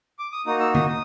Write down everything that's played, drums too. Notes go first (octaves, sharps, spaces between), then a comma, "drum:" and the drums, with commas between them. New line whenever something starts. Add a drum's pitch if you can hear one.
D6
D#6
A#3 D#4 F#4 D#6
E6
D#6, drum: tom
D#6